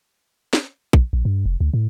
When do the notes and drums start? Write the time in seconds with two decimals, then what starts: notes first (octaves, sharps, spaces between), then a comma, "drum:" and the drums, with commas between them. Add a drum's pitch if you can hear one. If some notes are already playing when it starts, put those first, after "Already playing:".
0.53 drum: snare
0.93 drum: kick
1.13 A#1
1.25 G2
1.46 F1
1.61 D2
1.74 A2